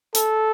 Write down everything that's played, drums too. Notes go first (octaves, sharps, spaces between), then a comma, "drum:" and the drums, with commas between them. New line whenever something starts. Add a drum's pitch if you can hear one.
A4, drum: hi-hat